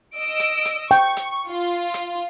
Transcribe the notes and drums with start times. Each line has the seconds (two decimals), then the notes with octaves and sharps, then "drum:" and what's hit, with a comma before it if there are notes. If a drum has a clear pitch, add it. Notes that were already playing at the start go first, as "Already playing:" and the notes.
0.17 D#5 E6 D7
0.39 drum: hi-hat
0.65 drum: hi-hat
0.91 G5 C#6, drum: hi-hat
1.17 drum: hi-hat
1.49 F4
1.94 drum: hi-hat